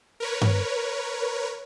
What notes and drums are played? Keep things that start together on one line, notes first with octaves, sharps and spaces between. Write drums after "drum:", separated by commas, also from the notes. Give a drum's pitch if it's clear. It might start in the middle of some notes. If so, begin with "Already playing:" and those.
A#4 B4 C#5
drum: tom G2